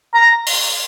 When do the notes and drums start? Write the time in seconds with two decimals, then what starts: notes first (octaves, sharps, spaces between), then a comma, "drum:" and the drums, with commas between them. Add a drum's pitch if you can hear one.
0.14 A#5
0.47 drum: open hi-hat